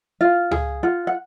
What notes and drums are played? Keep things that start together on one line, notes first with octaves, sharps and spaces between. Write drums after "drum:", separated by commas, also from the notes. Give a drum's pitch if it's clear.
F4 F5
G#4, drum: tom C#2
F4 F#5
F#5